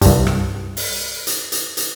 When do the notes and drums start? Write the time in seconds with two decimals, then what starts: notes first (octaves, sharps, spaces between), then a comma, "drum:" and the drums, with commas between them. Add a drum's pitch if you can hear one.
0.01 C2 G2, drum: hi-hat
0.27 drum: rim click
0.77 drum: open hi-hat
1.27 drum: hi-hat
1.52 drum: hi-hat
1.77 drum: hi-hat